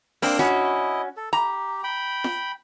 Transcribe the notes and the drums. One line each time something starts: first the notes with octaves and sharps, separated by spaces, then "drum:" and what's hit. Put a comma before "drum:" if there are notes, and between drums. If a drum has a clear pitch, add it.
A#3 C4 D4, drum: open hi-hat
C#4 E4 F#4 D#5, drum: snare
A4
G4 A#5
G5 B5
drum: snare